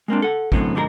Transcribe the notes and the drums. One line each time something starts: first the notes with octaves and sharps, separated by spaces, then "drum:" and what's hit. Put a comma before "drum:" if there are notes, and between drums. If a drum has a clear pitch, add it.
G#3 A#3 C4 D4
A4 F#5
F#2 A2 D3 F#3 B3 C4, drum: kick
D3 F3 G#3 F4 A#4